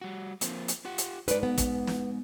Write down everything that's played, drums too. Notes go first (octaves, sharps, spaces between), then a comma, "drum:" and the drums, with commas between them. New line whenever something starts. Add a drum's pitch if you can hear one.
G3 F#4
F3 A#3 C4, drum: hi-hat
drum: hi-hat
F4 G4 F#5
drum: hi-hat
G#3 D#4 B4 D5, drum: hi-hat
B3
drum: kick, hi-hat
drum: snare